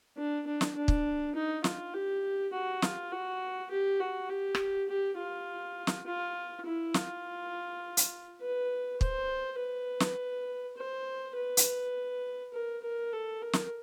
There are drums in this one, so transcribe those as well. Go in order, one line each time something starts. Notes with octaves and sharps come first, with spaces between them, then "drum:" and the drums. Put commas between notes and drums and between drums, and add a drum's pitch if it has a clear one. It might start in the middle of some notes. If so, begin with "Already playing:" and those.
D4
D4
drum: snare
D4
drum: kick
D#4
F4, drum: snare
G4
F#4
F4, drum: snare
F#4
G4
F#4
G4
drum: rim click
G4
F4
drum: snare
F4
E4
F4, drum: snare
drum: hi-hat
B4
C5, drum: kick
B4
drum: snare
C5
B4
drum: hi-hat
A#4
A#4
A4
A#4
drum: snare